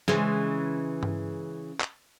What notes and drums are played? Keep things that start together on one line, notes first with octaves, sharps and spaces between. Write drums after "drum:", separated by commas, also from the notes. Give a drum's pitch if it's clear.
C#3 E3 G#3, drum: snare
drum: tom G2
drum: clap